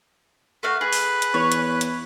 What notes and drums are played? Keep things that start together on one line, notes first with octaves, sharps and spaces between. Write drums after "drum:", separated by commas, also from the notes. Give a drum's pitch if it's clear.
A3 F#4 F5
G#4 B4
drum: open hi-hat
drum: hi-hat
E2 C#5
drum: hi-hat
drum: hi-hat